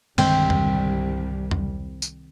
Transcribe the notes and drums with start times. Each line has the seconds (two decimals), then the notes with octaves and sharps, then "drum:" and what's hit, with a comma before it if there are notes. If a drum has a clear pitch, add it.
0.18 C2 G2 D3 D#3 G3 G#3 C4, drum: cymbal
0.50 drum: tom E2
1.51 drum: tom E2
2.02 drum: tambourine